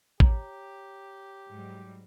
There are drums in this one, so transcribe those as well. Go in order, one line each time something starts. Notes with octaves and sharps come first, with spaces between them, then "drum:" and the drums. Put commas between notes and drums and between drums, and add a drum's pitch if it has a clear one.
G4 C#5 A#5, drum: kick
G#2 F#3 G3